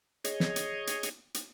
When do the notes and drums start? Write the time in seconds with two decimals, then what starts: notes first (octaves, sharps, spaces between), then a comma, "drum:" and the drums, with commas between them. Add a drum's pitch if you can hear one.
0.24 G#4 C#5 D#5, drum: hi-hat
0.40 drum: snare
0.56 drum: hi-hat
0.87 drum: hi-hat
1.03 drum: hi-hat
1.34 drum: hi-hat